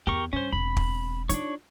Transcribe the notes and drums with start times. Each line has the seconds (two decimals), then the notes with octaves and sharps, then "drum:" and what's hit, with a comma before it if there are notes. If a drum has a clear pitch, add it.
0.07 E2 G4 A#4 C#6
0.33 G2 C#4 C5
0.52 E1 C4 B5
0.77 drum: kick
1.29 D4 D#4 F4 C#5, drum: hi-hat